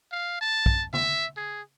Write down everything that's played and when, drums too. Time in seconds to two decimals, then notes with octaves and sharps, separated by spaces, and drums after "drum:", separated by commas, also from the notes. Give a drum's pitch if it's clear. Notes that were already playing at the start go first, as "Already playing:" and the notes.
0.12 F5
0.41 A5
0.66 drum: kick
0.93 E5, drum: tom C#3
1.37 G#4